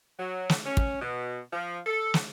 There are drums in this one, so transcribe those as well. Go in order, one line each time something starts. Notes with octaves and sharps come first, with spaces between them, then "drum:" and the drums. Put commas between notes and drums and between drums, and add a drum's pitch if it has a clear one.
F#3
drum: snare
C#4
drum: kick
B2
F3
A4
drum: snare